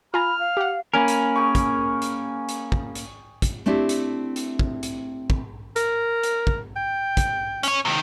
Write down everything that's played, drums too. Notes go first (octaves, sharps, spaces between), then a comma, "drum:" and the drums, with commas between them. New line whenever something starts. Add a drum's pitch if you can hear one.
F4 G#5 A#5 B5 F6
F5
G4 F#5
A#3 C#4 A#4 G#5 B5
drum: hi-hat
G#4 G5 C#6
drum: kick, hi-hat
drum: hi-hat
drum: hi-hat
drum: kick
drum: hi-hat
drum: kick, hi-hat
A3 C4 D4 E4 G4
drum: hi-hat
drum: hi-hat
drum: kick
drum: hi-hat
drum: kick
A#4, drum: hi-hat
drum: hi-hat
drum: kick
G5
drum: kick, hi-hat
C#4 C#5, drum: hi-hat
C3 D#3